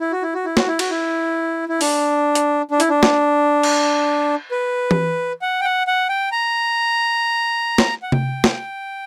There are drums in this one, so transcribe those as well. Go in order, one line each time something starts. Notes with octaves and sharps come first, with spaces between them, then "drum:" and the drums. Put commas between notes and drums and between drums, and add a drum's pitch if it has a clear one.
E4
F#4
E4
F#4
E4
F#4, drum: snare
E4
F#4, drum: cymbal
E4
E4
D4, drum: open hi-hat
drum: hi-hat
D4
E4, drum: hi-hat
D4
drum: snare
drum: cymbal
B4
drum: tom E3
F#5
G5
F#5
F#5
G5
A#5
drum: snare
F#5
G5, drum: tom C3
drum: snare